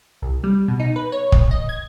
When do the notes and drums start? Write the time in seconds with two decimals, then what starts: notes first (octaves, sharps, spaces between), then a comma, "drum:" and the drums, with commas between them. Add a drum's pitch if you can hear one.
0.22 C2
0.44 G3
0.68 B2
0.80 D#4
0.96 B4
1.12 C#5
1.32 drum: kick
1.51 D#5
1.69 G#6